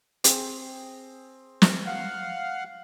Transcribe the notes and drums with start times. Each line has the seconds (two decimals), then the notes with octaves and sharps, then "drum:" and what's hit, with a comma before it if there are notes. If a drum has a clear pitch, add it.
0.24 C4 G#4 G5, drum: hi-hat
1.62 drum: snare
1.86 F5 F#5